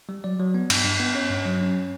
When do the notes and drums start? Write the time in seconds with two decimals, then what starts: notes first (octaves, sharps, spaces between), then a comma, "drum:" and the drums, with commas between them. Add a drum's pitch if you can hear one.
0.09 G3
0.24 F#3 D5
0.40 F#3
0.54 B3
0.70 G2, drum: cymbal
0.84 G2
1.00 B3
1.15 C#4 C#5
1.30 G2
1.46 F#3
1.61 C#4